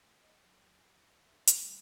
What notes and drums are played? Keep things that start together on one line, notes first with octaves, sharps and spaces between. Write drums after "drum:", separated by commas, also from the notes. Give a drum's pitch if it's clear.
D#5
F#3
D#2
G#5
A#6
E5
A3, drum: hi-hat
G3